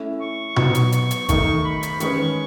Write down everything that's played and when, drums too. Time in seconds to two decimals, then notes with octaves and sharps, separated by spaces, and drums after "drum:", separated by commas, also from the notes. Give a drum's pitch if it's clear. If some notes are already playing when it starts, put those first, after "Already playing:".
Already playing: A3 C#4 E4
0.21 C#6
0.56 F#3 B3 D#4 F#4 B4 C#6, drum: tom B2
0.75 drum: hi-hat
0.92 C#6, drum: hi-hat
1.11 drum: hi-hat
1.29 D#3 A3 D#4 C#6, drum: kick, hi-hat
1.64 B5
1.83 drum: hi-hat
2.00 D#3 G#3 C#4 G#4 B4 C#6, drum: hi-hat